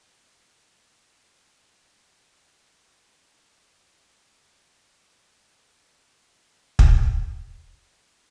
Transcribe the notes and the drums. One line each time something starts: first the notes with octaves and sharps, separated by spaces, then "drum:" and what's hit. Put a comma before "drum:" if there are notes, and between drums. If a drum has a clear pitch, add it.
D#4
A#3
G#3
E3
F4 B4 G5 B5
drum: kick
C#4 E4 C#5